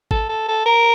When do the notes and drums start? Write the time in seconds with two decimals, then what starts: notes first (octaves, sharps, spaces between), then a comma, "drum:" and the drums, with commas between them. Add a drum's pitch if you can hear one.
0.11 A4, drum: kick A1
0.29 A4
0.48 A4
0.66 A#4